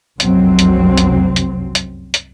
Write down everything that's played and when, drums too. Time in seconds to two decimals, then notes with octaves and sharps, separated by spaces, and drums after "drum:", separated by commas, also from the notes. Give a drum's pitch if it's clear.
0.20 F1 C2 F#2 F#3 C4, drum: hi-hat
0.59 drum: hi-hat
0.97 drum: hi-hat
1.36 drum: hi-hat
1.75 drum: hi-hat
2.14 drum: hi-hat